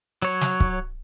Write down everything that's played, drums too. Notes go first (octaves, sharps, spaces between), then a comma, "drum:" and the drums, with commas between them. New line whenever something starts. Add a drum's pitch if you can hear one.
F#3 C#5
drum: snare
drum: kick C#1